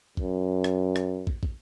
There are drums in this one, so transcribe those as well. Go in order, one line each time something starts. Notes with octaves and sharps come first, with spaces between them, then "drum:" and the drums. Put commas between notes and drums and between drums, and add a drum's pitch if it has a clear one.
F#2, drum: kick
drum: rim click
drum: rim click
drum: kick
drum: kick